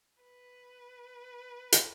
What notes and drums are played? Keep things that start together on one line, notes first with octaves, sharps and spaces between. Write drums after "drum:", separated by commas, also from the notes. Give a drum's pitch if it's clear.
B4
drum: hi-hat